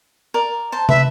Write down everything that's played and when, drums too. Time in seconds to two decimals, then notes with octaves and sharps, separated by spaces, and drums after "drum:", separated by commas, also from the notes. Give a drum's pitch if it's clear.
0.34 A#4 D5
0.72 C5 A5
0.89 B4 E5, drum: tom